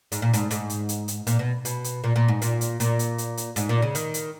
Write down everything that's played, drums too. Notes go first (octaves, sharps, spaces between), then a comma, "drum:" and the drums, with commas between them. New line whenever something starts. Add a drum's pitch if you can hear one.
G#2, drum: hi-hat
A#2
G#2, drum: hi-hat
G#2, drum: hi-hat
drum: hi-hat
drum: hi-hat
drum: hi-hat
A#2, drum: hi-hat
B2
B2, drum: hi-hat
drum: hi-hat
A#2
A#2
G#2
A#2, drum: hi-hat
drum: hi-hat
A#2, drum: hi-hat
drum: hi-hat
drum: hi-hat
drum: hi-hat
G#2, drum: hi-hat
A#2
C#3
D#3, drum: hi-hat
drum: hi-hat